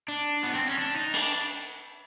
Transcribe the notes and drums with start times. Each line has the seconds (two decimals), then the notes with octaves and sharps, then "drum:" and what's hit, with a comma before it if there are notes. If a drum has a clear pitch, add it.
0.08 D4
0.43 B3
0.55 C4
0.67 C#4
0.78 D4
0.96 D#4
1.14 D4, drum: cymbal